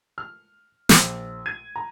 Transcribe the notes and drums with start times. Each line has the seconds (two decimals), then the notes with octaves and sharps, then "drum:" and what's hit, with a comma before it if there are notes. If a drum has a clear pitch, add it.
0.18 F6
0.89 A#1, drum: snare
1.46 G#6 D#7
1.76 A#5